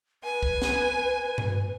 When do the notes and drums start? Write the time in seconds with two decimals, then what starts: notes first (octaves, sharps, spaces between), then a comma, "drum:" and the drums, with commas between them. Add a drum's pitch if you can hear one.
0.24 B4 G#5
0.43 drum: kick C2
0.62 drum: snare
1.38 drum: tom G2